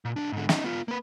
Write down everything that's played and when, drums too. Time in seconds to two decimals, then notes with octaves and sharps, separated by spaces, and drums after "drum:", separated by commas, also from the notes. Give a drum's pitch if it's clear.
0.05 A#2
0.16 B1 D4
0.32 G#2 D3
0.49 C#4 D#4, drum: snare
0.64 B3 F4
0.88 A#3 B4